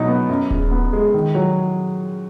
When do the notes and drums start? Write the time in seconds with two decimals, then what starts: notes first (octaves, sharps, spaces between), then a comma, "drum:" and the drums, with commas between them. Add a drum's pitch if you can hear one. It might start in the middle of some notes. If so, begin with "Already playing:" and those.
Already playing: B2 F#3 D#4
0.08 B3
0.29 F#2
0.51 C#3, drum: kick D#1
0.71 B3
0.93 G#3
1.14 D#3
1.35 F#3